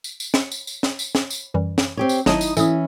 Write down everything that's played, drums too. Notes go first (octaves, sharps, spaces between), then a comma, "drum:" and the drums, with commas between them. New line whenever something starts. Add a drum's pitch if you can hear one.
drum: tambourine
drum: tambourine
C#7, drum: snare
drum: tambourine
drum: tambourine
drum: snare
drum: tambourine
drum: snare
drum: tambourine
F#2 E3 G3
drum: snare
C4 G4 C#5
drum: tambourine
G#1 F#3 D#4 E4 D#5 A5, drum: snare
drum: tambourine
E3 C#4 A4 D#6, drum: tambourine